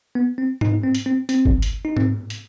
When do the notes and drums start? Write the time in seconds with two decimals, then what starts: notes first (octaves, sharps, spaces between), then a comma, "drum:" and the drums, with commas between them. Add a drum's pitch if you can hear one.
0.15 B3
0.38 C4
0.61 D#4, drum: tom G#2
0.83 C4
0.95 drum: hi-hat
1.06 C4
1.29 C4, drum: hi-hat
1.45 drum: kick G1
1.62 drum: hi-hat
1.85 D#4
1.97 C4, drum: tom G#2
2.30 drum: hi-hat